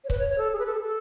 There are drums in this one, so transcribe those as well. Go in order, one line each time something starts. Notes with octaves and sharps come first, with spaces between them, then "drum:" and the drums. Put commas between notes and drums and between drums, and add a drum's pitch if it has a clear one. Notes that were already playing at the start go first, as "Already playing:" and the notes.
C#5
B4, drum: kick C#1
C#5
C#5
A4
G#4
B4
A4
G#4
A4